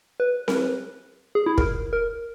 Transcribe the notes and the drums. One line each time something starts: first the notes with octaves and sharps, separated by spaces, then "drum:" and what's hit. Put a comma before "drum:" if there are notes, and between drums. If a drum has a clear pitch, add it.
B4
A#4, drum: snare C4
B4
G#4
E4
A#4, drum: kick
A#4